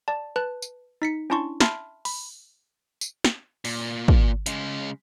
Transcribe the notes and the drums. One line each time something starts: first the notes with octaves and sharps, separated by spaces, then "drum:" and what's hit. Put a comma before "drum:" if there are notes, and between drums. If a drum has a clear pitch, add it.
D5 A5
B4 A5 F#6
drum: tambourine
D#4 B6 C#7
C#4 D4 E4 A5 C6 C#6
E5 A5 B5 C6 F6 C7, drum: snare
B5, drum: open hi-hat
drum: tambourine
drum: snare
A#2, drum: open hi-hat
drum: kick
C#3 G#3, drum: hi-hat